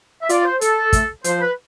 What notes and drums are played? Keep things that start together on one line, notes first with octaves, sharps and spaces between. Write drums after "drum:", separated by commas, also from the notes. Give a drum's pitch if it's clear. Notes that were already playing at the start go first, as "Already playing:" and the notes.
E5
F4 D5, drum: hi-hat
C5
A4, drum: hi-hat
A3, drum: kick, hi-hat
F3 C5, drum: hi-hat
B4